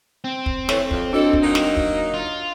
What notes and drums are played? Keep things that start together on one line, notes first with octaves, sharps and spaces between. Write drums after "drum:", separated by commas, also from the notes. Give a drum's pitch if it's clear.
C4
drum: kick
E3 A3 C#5, drum: snare
F2, drum: kick
D4 E4 F#4 A4 D#5
drum: kick
F#3 A#3 D#4
drum: snare
drum: kick
F4